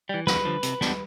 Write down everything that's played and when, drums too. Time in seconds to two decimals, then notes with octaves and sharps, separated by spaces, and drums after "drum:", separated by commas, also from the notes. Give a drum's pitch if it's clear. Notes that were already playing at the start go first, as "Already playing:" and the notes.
0.09 E3 G3
0.27 F2 B4, drum: snare
0.45 D3 F3
0.63 C3, drum: hi-hat
0.81 G3 B3 D4, drum: snare